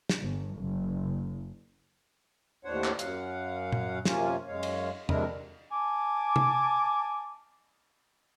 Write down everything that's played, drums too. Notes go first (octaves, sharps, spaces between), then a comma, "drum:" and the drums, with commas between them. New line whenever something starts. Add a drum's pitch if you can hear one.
drum: snare
G1
F#1
D#2 A2 D4 C5 C#5 F#5
drum: clap
F#2 F#3 F5 F#5, drum: hi-hat
drum: tom A#2
F#2 C3 A#3 C#4 F4 G#5, drum: snare
F#2 G#3 C#5 F5
drum: cymbal
F2 C3 G#3 D4 E4 A#4, drum: tom E2
G#5 A5 D6
drum: tom C3